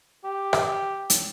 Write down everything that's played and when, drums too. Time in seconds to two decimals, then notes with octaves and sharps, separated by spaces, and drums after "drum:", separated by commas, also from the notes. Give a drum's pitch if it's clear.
0.24 G4
0.53 drum: rim click
1.10 drum: hi-hat